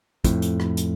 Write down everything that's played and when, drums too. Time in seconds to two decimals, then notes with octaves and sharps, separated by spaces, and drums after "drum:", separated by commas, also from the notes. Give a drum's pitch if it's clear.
0.24 F2 A2, drum: kick, hi-hat
0.42 drum: hi-hat
0.60 drum: rim click
0.77 drum: hi-hat